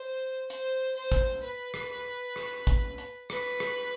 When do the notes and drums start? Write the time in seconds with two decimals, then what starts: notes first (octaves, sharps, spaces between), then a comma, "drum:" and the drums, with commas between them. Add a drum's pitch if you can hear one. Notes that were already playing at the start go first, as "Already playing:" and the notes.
Already playing: C5
0.50 C5, drum: hi-hat
0.96 C5
1.12 drum: kick, hi-hat
1.43 B4
1.74 drum: rim click
2.36 drum: rim click
2.67 drum: kick
2.98 drum: hi-hat
3.30 B4, drum: rim click
3.60 drum: rim click